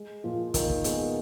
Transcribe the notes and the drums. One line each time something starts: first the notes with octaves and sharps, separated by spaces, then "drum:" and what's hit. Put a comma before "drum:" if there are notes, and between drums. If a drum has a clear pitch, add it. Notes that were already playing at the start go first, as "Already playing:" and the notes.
Already playing: G#3
A#2 F3 F4
A#2 D#3 D#4, drum: kick, hi-hat
drum: kick
G#3 B3, drum: hi-hat